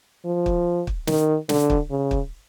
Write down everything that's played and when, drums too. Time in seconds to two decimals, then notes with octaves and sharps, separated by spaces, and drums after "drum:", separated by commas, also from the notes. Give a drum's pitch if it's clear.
0.25 F3
0.46 drum: kick
0.87 drum: kick
1.07 D#3, drum: snare
1.49 D3, drum: snare
1.70 drum: kick
1.91 C#3
2.11 drum: kick